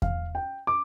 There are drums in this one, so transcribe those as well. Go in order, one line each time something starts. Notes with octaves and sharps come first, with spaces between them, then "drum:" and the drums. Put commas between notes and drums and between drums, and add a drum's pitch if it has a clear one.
F5, drum: kick E2
G5
D6